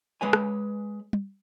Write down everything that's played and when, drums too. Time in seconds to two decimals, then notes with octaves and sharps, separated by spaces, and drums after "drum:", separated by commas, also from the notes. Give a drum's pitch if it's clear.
0.21 G#3 B4 C#5 G#5
0.33 drum: rim click
1.13 drum: tom